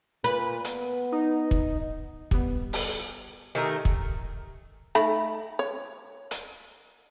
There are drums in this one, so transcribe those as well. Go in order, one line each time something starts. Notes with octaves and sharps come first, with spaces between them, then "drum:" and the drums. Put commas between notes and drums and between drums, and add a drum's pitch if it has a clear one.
A#2 B4
B3, drum: hi-hat
D#4
drum: kick
G3 B3, drum: kick
drum: open hi-hat
D#3 A3 G4 A#4 G#5 D#6
drum: kick
A3 D#4 B5
C#5
drum: hi-hat